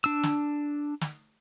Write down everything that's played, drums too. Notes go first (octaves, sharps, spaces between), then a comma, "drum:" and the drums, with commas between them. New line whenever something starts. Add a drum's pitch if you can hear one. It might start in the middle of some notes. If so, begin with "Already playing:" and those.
D4 E6
drum: snare
drum: snare